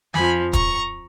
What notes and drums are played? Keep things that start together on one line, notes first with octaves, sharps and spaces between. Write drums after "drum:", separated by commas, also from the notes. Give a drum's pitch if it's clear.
F2 F3 G#5 B5, drum: snare
A#5 C#6, drum: kick, hi-hat